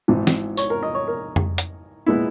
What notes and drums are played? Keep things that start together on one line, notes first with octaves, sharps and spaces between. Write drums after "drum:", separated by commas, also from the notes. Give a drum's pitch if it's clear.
G#1 G#2 E3
drum: snare
C#5, drum: tambourine
A#4
D#5
C#5
A#4
drum: tom F2
drum: hi-hat
A#2 G#3 B3 E4